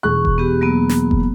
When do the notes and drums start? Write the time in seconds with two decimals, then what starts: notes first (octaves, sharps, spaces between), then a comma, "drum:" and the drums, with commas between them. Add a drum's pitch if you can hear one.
0.03 E1 G#4 C#6 F#6
0.25 drum: kick F1
0.38 B3 G4
0.61 F#3 A#3 B3
0.89 drum: snare
1.11 drum: kick F1